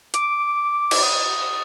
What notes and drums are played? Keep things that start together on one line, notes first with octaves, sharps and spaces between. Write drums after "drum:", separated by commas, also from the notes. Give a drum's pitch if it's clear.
D6, drum: hi-hat
drum: cymbal
D#6